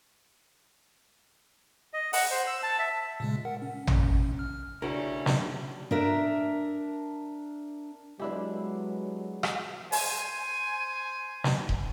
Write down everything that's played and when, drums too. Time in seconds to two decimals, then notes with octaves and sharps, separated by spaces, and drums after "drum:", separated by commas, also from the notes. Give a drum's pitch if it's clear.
1.94 D#5
2.13 F#5, drum: open hi-hat
2.31 C5
2.47 E6
2.63 A5
2.79 E5
3.20 A#2 C#3 G#3
3.45 A#4 F#5
3.62 C#4
3.87 drum: tom
4.39 F6
4.82 C#3 G3 A3 C#4 D4 E4 F#4 A#4
5.26 drum: snare
5.91 D4 A#4 E5
8.20 F#3 G#3 B3 D4 E4 G4
9.43 drum: rim click
9.92 C5 G#5, drum: open hi-hat
11.44 drum: snare
11.69 drum: kick D#1